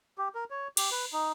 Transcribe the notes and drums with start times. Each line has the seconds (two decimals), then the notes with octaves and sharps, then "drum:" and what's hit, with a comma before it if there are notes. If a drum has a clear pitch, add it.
0.18 G4
0.35 A#4
0.51 C#5
0.77 G4, drum: cymbal
0.91 B4
1.13 D#4